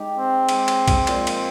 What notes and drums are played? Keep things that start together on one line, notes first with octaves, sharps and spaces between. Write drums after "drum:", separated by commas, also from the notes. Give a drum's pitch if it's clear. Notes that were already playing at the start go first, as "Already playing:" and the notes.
Already playing: G#3 D#4 G4
C4
G#3 D#4 G4, drum: cymbal
drum: cymbal
drum: kick B1, cymbal
A#2 F3 G#3, drum: cymbal
drum: cymbal